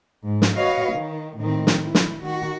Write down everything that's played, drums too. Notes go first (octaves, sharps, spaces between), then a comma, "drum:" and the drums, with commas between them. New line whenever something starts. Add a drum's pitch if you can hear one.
G#2
drum: snare
F#4 B4 C#5 D#5 F5
D#3
A2 D#3 C4
drum: snare
E4
drum: snare
D#3 F#4